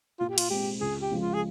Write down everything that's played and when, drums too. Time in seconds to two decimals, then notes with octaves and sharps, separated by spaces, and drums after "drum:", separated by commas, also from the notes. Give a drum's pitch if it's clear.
0.19 A#2 F4
0.29 G4
0.38 F4, drum: cymbal
0.50 G#3 C4 G4
0.81 C#2 G#4
1.01 G4
1.11 C#3 F3 G#3
1.21 F4
1.34 G#4